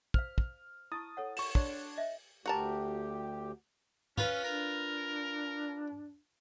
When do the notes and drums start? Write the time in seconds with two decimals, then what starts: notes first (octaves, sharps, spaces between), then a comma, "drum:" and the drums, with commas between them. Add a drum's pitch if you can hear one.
0.14 C5 F5 F6, drum: kick
0.38 drum: kick
0.92 E4 A5 C#6 D#6 A6
1.17 A4 C#5 F#5
1.37 C#6 E7, drum: open hi-hat
1.55 D4 F#4 C#5, drum: kick
1.98 D#5 E5
2.46 D2 F#4 G4 A#4 A5
4.18 C#4 F4 B4, drum: tom
4.44 D4 A#4, drum: tambourine